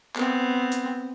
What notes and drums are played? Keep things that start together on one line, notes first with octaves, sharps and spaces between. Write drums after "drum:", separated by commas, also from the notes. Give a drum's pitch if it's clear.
B3 C4, drum: clap
drum: hi-hat